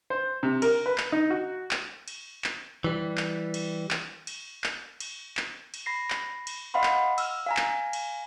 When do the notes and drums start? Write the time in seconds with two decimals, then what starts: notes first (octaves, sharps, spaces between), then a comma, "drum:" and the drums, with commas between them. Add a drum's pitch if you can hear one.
0.10 C5
0.43 C3
0.62 A#4, drum: cymbal
0.86 B4
0.98 drum: clap
1.12 D#4
1.30 F#4
1.71 drum: clap
2.08 drum: cymbal
2.44 drum: clap
2.84 E3 G3
3.17 drum: clap
3.54 drum: cymbal
3.91 drum: clap
4.27 drum: cymbal
4.64 drum: clap
5.00 drum: cymbal
5.37 drum: clap
5.74 drum: cymbal
5.86 B5 A#6 C7
6.10 drum: clap
6.47 drum: cymbal
6.74 D#5 F5 F#5 B5 C6
6.83 drum: clap
7.18 E6 F6, drum: cymbal
7.46 F5 G#5 A#5
7.57 drum: clap
7.93 drum: cymbal